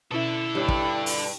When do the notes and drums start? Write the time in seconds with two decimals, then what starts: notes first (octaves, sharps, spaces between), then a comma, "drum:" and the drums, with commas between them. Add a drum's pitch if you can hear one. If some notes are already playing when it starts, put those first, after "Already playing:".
0.11 B2 C#4 D4 E4 A4 E5
0.55 G2 G4 C#5
0.68 drum: kick
1.06 drum: open hi-hat